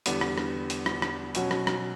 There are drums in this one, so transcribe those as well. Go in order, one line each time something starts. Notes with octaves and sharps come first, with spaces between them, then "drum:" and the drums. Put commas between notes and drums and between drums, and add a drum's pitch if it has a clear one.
E2 D3 G3 B3, drum: hi-hat
drum: rim click
drum: rim click
drum: hi-hat
drum: rim click
drum: rim click
B2 F#3 C#4, drum: hi-hat
drum: rim click
drum: rim click